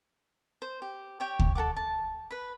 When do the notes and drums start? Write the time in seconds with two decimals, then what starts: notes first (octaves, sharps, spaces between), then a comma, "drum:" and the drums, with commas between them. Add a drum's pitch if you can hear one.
0.62 C5
0.82 G4
1.20 G4 C#5 G5
1.39 drum: kick D2
1.55 A4 A#4 F#5 D6
1.76 A5
2.31 B4 B5